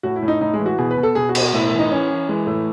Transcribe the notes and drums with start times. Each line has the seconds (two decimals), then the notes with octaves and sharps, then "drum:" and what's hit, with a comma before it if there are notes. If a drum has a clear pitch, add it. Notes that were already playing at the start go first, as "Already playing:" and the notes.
0.03 A2 F#4
0.16 E4
0.22 A2
0.28 D#4
0.41 A2 D#4
0.53 G#3
0.59 E3
0.66 F#4
0.78 B2 G#4
0.91 B4
0.97 B2
1.03 A4
1.15 B2 G#4
1.29 F#4
1.35 B2, drum: cymbal
1.41 F#4
1.53 A2 E4
1.66 E4
1.72 E3
1.79 D#4
1.91 E3 C#4
2.10 E3
2.29 E3 G#3
2.47 A2 A3